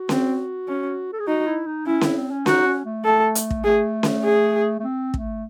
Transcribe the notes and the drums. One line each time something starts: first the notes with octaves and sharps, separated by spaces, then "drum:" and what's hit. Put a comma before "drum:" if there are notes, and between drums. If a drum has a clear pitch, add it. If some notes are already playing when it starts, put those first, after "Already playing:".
Already playing: F#4
C4, drum: snare C#4
C#4
A4
G#4
D#4 F#4
E4
D#4
C#4 E4
C4, drum: snare C#4
C4
C#4
D#4 F#4, drum: snare C#4
C#4
A3
A3 A4
drum: hi-hat
drum: kick
A3 G#4
drum: snare C#4
G#4
A3
C4
A3, drum: kick